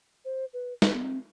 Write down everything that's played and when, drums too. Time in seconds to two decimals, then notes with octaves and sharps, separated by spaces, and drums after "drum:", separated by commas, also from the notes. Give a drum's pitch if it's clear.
0.25 C5
0.53 B4
0.82 B4, drum: snare
0.93 B3
1.03 C4